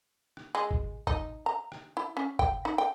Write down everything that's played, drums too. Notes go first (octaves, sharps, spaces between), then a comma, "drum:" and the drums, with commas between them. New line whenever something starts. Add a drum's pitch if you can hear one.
drum: rim click
G#3
drum: kick G#1
D#4, drum: kick G#1
A#5
drum: rim click
E4
C#4
G5, drum: kick G#1
D#4
G5